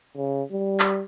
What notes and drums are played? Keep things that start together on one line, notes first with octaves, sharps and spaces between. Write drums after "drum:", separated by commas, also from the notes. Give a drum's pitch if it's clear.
C#3
G3
drum: clap